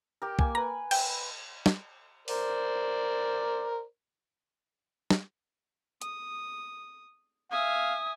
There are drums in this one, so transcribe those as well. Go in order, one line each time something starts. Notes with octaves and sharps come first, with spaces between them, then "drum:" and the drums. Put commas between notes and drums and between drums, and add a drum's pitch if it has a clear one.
G4 A#4
A#3 G#5, drum: kick
B4 A#5 B5
G5, drum: cymbal
drum: snare
A#4 C5 D5, drum: open hi-hat
drum: snare
D#6, drum: hi-hat
E5 F5 G#5 D#6